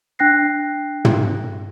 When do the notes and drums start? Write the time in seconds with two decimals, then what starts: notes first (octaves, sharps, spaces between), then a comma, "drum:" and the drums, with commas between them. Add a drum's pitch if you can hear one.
0.19 D4 G5 F#6 A#6 C7
1.05 drum: tom